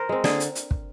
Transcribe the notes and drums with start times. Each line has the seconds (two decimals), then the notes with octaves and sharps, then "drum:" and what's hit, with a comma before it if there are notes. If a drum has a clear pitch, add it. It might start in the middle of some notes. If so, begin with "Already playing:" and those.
Already playing: A#4 C5
0.09 G#3 C4
0.24 D3 G#4, drum: snare
0.40 drum: hi-hat
0.55 drum: hi-hat
0.71 drum: kick